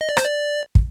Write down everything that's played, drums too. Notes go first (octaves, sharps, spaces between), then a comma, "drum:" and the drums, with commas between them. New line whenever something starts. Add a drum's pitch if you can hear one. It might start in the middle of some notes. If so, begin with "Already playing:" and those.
D#5
D5
C5, drum: rim click
D5
drum: kick